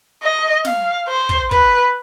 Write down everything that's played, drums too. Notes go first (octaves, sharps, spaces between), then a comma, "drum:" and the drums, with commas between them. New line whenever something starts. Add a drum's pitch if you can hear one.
D#5
F5, drum: snare
C5
drum: kick
B4, drum: kick